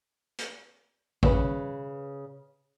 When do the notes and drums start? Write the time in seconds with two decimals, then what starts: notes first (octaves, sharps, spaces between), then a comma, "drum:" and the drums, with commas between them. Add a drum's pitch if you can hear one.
0.38 drum: hi-hat
1.23 C#3 B4, drum: kick A1